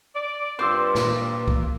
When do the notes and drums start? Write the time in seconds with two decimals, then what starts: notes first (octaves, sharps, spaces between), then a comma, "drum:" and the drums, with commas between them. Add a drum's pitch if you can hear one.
0.14 D5
0.59 G2 F4 C5 C6 D6 E6
0.95 A#2, drum: snare
1.48 drum: kick C2